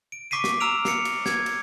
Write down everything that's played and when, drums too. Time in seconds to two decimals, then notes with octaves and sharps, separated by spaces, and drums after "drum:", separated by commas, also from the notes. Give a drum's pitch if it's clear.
0.12 D7
0.31 C#6 D6 B6 C7 D#7
0.44 drum: snare
0.60 A#5 E6 F6 D7 F7
0.85 C7 C#7, drum: snare
1.05 drum: cymbal
1.26 G#6, drum: snare
1.46 drum: cymbal